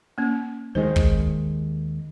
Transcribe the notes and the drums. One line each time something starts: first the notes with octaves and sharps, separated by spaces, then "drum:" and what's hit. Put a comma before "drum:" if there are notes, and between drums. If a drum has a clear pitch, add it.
A#3 C#4
D#2 D#3 G#3 C5
drum: kick